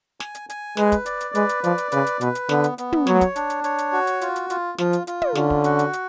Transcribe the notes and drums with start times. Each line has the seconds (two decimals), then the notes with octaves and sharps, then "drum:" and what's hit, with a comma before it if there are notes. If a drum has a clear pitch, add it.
0.20 G#5, drum: snare
0.35 drum: hi-hat
0.50 G#5, drum: hi-hat
0.77 G#3 B4, drum: snare
0.92 drum: kick, hi-hat
1.06 D5, drum: hi-hat
1.21 drum: hi-hat
1.35 G#3 B4, drum: hi-hat
1.49 drum: hi-hat
1.64 F3 D5, drum: hi-hat
1.78 drum: hi-hat
1.92 C#3 B4, drum: hi-hat
2.07 drum: hi-hat
2.21 B2 B4, drum: hi-hat
2.35 drum: hi-hat
2.49 D3 B3, drum: snare
2.64 drum: hi-hat
2.78 B3, drum: hi-hat
2.92 drum: tom
3.07 F#3 C#5, drum: snare
3.21 drum: kick, hi-hat
3.36 D4, drum: hi-hat
3.50 drum: hi-hat
3.64 C#5, drum: hi-hat
3.78 drum: hi-hat
3.93 F#4
4.07 drum: hi-hat
4.21 F4, drum: hi-hat
4.36 drum: hi-hat
4.50 F4, drum: hi-hat
4.78 F3 F4, drum: snare
4.93 drum: hi-hat
5.07 F4, drum: hi-hat
5.22 drum: tom
5.35 D3 C#4, drum: snare
5.50 drum: kick
5.64 F#4, drum: hi-hat
5.79 drum: hi-hat
5.93 drum: hi-hat